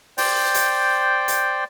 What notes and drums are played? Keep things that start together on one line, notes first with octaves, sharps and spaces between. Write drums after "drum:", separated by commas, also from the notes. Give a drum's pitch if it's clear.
C5 D5 G5, drum: open hi-hat
drum: hi-hat
drum: hi-hat